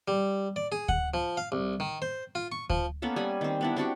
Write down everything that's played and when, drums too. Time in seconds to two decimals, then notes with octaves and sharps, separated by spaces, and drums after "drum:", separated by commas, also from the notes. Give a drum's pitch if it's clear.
0.08 G3
0.56 D5
0.72 G#4
0.89 F#5, drum: kick D2
1.14 F3
1.37 F5
1.52 C2
1.80 D#3
2.02 C5
2.35 F4
2.52 C#6
2.70 F3, drum: kick D2
3.02 A#3 B3 C#4 A4
3.16 G3 G#5
3.41 D#3 C4
3.61 B3 D4 E4
3.76 C4 D4 F#4 G4